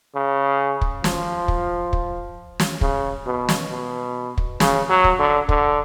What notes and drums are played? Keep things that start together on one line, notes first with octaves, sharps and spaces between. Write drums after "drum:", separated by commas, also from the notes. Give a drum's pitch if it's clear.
C#3
drum: kick
F3, drum: snare
drum: kick
drum: kick
drum: snare
C#3, drum: kick
B2
drum: snare
B2
drum: kick
C#3, drum: snare
F#3
drum: kick
D3
D3, drum: kick